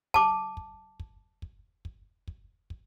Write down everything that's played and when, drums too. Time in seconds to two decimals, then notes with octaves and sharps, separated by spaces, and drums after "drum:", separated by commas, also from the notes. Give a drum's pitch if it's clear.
0.14 A5 D6, drum: kick
0.57 drum: kick
1.00 drum: kick
1.42 drum: kick
1.85 drum: kick
2.28 drum: kick
2.70 drum: kick